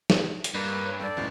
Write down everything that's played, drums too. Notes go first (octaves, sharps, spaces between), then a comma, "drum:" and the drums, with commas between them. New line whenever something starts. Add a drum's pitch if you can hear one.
drum: snare
drum: hi-hat
G2 A#3 B4
C#5
D4 A4 D5 G5
F#1 C#2 A2